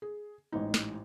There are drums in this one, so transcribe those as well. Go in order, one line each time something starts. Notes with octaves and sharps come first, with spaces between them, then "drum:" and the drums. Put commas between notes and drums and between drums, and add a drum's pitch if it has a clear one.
G#4
A1 G#2 D#4
drum: snare